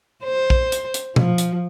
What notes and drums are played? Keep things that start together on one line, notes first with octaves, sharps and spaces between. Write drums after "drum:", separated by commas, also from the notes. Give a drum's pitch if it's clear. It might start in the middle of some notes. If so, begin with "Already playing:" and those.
C5
drum: kick A#1
drum: hi-hat
drum: hi-hat
F3, drum: tom B2
drum: hi-hat